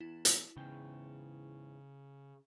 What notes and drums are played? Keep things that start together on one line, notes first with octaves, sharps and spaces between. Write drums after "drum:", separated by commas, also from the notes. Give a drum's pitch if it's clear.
E2 E4
drum: hi-hat
E2 G#2 C#3 G5